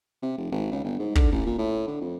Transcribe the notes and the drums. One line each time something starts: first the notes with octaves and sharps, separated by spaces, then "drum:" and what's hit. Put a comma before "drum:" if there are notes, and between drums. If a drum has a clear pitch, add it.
C3
F1
G#1
C#2
G1
G#2
D3, drum: kick
A1
A#2
A2
D3
F2